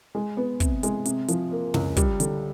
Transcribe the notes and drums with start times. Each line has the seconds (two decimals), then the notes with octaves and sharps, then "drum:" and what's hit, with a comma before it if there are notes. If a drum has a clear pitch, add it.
0.15 G#3
0.37 B3
0.60 C3, drum: kick, hi-hat
0.83 G#3, drum: hi-hat
1.05 C3, drum: hi-hat
1.28 F3, drum: hi-hat
1.51 A#3
1.74 C#2, drum: tom
1.97 G3, drum: kick, hi-hat
2.20 D3, drum: hi-hat